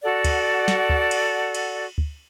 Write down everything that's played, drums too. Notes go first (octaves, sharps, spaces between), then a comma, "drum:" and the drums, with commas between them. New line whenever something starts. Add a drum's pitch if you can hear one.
F#4 A4 D5 F#5
drum: kick, cymbal
drum: snare
drum: kick
drum: cymbal
drum: cymbal
drum: kick